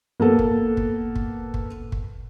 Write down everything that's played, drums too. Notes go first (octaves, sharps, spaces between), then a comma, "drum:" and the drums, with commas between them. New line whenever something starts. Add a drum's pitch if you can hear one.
A#3 B3 A4
drum: kick
drum: kick
drum: kick
drum: kick
drum: kick